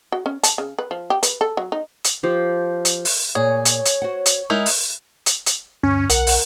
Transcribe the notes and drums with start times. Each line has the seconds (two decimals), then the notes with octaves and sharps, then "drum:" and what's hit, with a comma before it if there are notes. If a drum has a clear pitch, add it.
0.12 F#4
0.26 C#4
0.43 A5, drum: hi-hat
0.58 C#3
0.79 B4
0.91 F3
1.10 G4
1.23 B4, drum: hi-hat
1.41 A4
1.57 F#3
1.72 D#4
2.04 drum: hi-hat
2.23 F3 G4
2.85 drum: hi-hat
3.05 drum: open hi-hat
3.35 A#2 G#4 C#5
3.65 drum: hi-hat
3.85 drum: hi-hat
4.02 F#4 C5 F#5
4.26 drum: hi-hat
4.50 G#3 D#4 E4 A#4
4.66 drum: open hi-hat
5.26 drum: hi-hat
5.46 drum: hi-hat
5.83 D2 G2 C#4
6.10 B1 A#4 F#5, drum: hi-hat
6.27 drum: open hi-hat